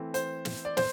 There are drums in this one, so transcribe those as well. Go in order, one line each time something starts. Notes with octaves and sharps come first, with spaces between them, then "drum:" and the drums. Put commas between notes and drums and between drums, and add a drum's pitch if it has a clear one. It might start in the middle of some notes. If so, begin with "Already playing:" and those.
Already playing: E3 A3 C4
C5, drum: hi-hat
drum: snare
D5
C5, drum: snare